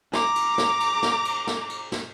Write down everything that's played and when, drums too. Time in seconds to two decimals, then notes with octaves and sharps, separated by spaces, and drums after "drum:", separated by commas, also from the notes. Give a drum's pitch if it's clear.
0.13 A#5 D6, drum: snare
0.36 drum: cymbal
0.58 drum: snare
0.80 drum: cymbal
1.03 drum: snare
1.25 drum: cymbal
1.47 drum: snare
1.69 drum: cymbal
1.92 drum: snare